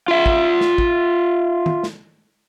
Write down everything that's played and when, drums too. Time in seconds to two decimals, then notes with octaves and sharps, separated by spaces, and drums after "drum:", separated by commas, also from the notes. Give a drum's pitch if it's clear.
0.08 F4 E5
0.26 drum: kick
0.61 drum: snare
0.78 drum: kick
1.66 drum: tom D#3
1.83 drum: snare